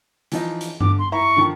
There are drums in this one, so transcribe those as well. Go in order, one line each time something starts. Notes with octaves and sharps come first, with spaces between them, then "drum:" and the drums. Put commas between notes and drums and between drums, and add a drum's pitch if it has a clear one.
E3 F3 D#4, drum: hi-hat
drum: hi-hat
D3 D6, drum: tom G2
C6
E4 E5 A#5 C#6
D3 D#3 F3